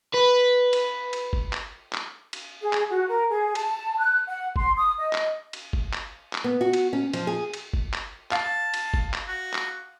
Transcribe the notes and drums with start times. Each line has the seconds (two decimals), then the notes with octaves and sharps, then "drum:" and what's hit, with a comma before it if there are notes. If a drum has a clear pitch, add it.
0.14 B4
0.73 drum: cymbal
1.13 drum: cymbal
1.33 drum: kick G1
1.53 drum: clap
1.93 drum: clap
2.33 drum: cymbal
2.60 G#4
2.73 drum: clap
2.89 F#4
3.08 A#4
3.30 G#4
3.55 A5, drum: cymbal
3.99 F#6
4.27 F#5
4.56 C6, drum: kick G1
4.77 D#6
4.99 D#5
5.13 drum: clap
5.53 drum: cymbal
5.73 drum: kick G1
5.93 drum: clap
6.33 drum: clap
6.44 B3
6.61 F#4
6.73 drum: cymbal
6.93 C#4
7.13 F3, drum: cymbal
7.27 G#4
7.53 drum: cymbal
7.74 drum: kick G1
7.94 drum: clap
8.31 F5 A5, drum: clap
8.74 drum: cymbal
8.94 drum: kick G1
9.14 drum: clap
9.28 F#4
9.54 drum: clap